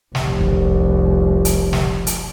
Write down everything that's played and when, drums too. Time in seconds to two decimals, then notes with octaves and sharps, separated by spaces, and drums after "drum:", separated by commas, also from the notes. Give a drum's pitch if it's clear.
0.15 F1 C2, drum: snare
0.41 drum: kick
1.45 drum: hi-hat
1.73 drum: snare
2.07 drum: hi-hat